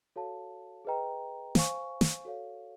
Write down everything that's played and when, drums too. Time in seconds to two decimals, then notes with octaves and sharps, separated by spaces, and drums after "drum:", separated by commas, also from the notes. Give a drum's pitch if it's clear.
0.16 F#4 A4 C#5 F5 A5
0.85 G#4 B4 D#5 G5 A#5
1.55 C5 F5 G#5 C#6, drum: snare
2.01 drum: snare
2.25 F#4 A4 C#5 F5